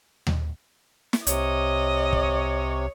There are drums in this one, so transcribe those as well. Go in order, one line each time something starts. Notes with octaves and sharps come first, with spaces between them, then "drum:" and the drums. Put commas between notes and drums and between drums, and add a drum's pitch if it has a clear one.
drum: tom D#2
drum: snare
C2 C3 C#5 D#5, drum: hi-hat
drum: kick